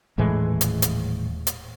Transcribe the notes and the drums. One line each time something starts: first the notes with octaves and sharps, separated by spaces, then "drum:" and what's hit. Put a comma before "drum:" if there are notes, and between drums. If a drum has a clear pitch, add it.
D#1 A2 E3 G#3
drum: hi-hat
drum: hi-hat
drum: hi-hat